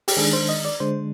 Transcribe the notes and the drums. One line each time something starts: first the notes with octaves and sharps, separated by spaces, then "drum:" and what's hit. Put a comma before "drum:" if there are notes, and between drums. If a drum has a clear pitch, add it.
G4, drum: open hi-hat
D#3 G#3 D4 G#4
C5
D#5
D5
D3 G#3 D4 C5